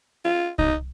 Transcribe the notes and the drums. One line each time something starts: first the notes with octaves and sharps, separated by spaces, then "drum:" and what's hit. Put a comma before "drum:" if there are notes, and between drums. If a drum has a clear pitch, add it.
F4
D#4, drum: kick C2